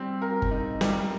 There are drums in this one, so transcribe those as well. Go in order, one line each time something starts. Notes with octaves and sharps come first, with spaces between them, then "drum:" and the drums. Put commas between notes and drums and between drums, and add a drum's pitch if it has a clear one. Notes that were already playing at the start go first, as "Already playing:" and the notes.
Already playing: G3 C4
A#4
drum: kick G1
D#4
G3, drum: snare